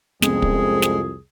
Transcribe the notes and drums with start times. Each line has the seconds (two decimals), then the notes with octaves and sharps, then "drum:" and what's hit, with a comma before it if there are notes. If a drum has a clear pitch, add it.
0.22 C2 F2 G#3 B3 C#4 G#4, drum: snare
0.42 drum: kick
0.82 drum: snare